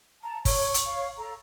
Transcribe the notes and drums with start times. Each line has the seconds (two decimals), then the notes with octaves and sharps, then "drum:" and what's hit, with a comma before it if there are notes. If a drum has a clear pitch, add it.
0.23 A5 A#5
0.45 C#5 C#6, drum: kick, open hi-hat
0.74 drum: hi-hat
0.86 C#5 F5
1.17 A4 A#5